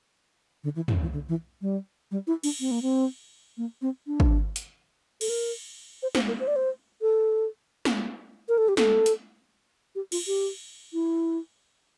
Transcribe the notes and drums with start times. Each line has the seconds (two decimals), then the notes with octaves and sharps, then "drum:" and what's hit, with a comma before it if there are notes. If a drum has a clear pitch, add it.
0.64 D3
0.76 E3
0.88 E3, drum: tom
1.01 E3
1.13 D3
1.29 E3
1.62 G3
2.11 G3
2.27 E4
2.44 D4, drum: cymbal
2.60 C4
2.71 A#3
2.82 C4
3.58 A#3
3.82 C4
4.07 D4
4.20 drum: kick
4.56 drum: hi-hat
5.21 A4, drum: cymbal
5.29 A#4
6.03 C5
6.15 C5, drum: snare
6.28 A#4
6.40 C5
6.47 D5
6.56 C5
7.02 A4
7.85 drum: snare
8.49 A#4
8.58 A4
8.68 G4
8.77 A4, drum: snare
9.06 drum: hi-hat
9.95 G4
10.12 F4, drum: cymbal
10.27 G4
10.93 E4